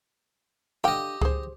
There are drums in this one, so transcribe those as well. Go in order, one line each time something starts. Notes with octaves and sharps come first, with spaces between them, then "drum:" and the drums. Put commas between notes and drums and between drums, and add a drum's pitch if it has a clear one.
D3 G4 D#5 F5 G5
G#4 C5, drum: kick C#2